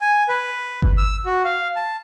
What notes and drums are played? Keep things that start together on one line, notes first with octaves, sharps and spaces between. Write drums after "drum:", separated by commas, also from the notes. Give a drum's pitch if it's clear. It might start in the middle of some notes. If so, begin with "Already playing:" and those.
G#5
B4
drum: kick G1
E6
F#4
F5
A5